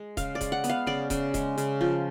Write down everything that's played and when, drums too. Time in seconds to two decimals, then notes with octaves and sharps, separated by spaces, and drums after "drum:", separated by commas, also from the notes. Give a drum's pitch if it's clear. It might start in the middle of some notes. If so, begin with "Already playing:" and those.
Already playing: G#3
0.17 C#3 F5, drum: kick D#1, hi-hat
0.35 D5
0.41 G#3, drum: kick D#1, hi-hat
0.52 F#5
0.64 B3, drum: hi-hat
0.69 F5
0.87 C#3 D5, drum: snare
1.10 C#3, drum: kick D#1, hi-hat
1.34 G#3, drum: kick D#1, hi-hat
1.58 C#3, drum: hi-hat
1.81 F3, drum: snare